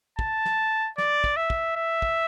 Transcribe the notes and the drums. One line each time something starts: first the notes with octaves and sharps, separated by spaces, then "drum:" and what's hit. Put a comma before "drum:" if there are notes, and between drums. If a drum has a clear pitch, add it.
A5, drum: kick
drum: snare
D5, drum: snare
drum: kick
E5
drum: kick
E5
drum: kick